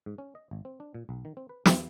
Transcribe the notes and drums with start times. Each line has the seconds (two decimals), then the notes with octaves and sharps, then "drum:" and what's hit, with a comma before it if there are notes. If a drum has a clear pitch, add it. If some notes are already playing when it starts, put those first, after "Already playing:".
0.06 G#2
0.18 C#4
0.35 D#5
0.51 G#1
0.65 C4
0.80 D4
0.94 A#2
1.09 B1
1.25 D#3
1.37 C4
1.49 B4
1.66 E2, drum: snare